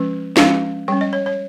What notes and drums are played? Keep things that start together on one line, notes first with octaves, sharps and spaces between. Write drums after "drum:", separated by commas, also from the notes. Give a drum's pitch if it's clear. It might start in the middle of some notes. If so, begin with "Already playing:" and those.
Already playing: F3 G#3 C#4
F3 G#3 C#4 F5, drum: snare
G3 C#4 G5
D#5
C#5
C#5